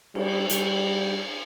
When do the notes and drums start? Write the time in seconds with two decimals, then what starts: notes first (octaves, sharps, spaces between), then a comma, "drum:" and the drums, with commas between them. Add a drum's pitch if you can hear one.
0.15 G3, drum: cymbal
0.50 G3, drum: hi-hat